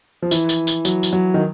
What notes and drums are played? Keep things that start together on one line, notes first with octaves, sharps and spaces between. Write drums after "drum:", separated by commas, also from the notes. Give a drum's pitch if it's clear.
F3
E3, drum: tambourine
drum: tambourine
drum: tambourine
F#3, drum: tambourine
drum: tambourine
F#3
D#3